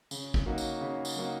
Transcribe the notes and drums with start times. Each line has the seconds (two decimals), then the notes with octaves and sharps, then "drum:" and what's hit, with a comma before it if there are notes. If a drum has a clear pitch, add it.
0.11 C#3, drum: tambourine
0.34 drum: kick
0.46 F#3 A#3 D#4 F#4
0.58 drum: tambourine
0.81 C#3
1.05 drum: tambourine
1.16 F#3 A#3 D#4 F#4